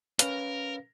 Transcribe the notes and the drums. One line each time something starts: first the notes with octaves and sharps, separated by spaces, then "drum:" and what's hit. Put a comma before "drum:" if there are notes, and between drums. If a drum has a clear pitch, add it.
C#4 A#4 B4 F5, drum: hi-hat